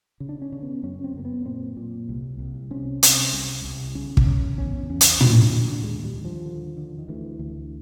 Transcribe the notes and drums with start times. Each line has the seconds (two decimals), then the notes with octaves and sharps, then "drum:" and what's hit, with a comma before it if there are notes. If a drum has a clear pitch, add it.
0.20 C#3
0.29 D4
0.42 C#4
0.52 C#3
0.62 B3
0.83 F#2 C#4
1.04 C4
1.14 F#2 A#3
1.25 B3
1.45 A#2 C4
1.77 A#2
2.09 C2
2.39 C2
2.71 C3 C#4
3.03 C3, drum: hi-hat
3.33 C2
3.64 C2
3.95 C#3 C#4
4.17 drum: kick
4.27 C#3
4.58 E2 C#4
4.90 E2 C#4
5.01 drum: hi-hat
5.21 D3 D4, drum: tom
5.42 D4
5.52 D3
5.63 D4
5.83 D#2 G#3
6.04 G3
6.14 D#2
6.25 F3
6.45 D3
6.77 D3
6.98 D#3
7.08 D2 E3
7.39 D2